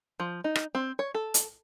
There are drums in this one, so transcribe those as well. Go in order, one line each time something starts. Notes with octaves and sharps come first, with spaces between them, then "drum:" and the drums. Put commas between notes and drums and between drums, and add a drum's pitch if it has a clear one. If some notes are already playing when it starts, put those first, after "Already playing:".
F3
D#4
drum: rim click
C4
C#5
A4
drum: hi-hat